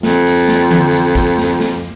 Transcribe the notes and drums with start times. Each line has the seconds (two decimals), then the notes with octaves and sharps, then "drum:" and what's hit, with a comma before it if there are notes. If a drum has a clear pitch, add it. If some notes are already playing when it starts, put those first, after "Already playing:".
0.03 F2, drum: snare
0.26 drum: hi-hat
0.48 drum: snare
0.71 drum: tom D3
0.93 drum: hi-hat
1.15 drum: kick, hi-hat
1.38 drum: snare
1.60 drum: snare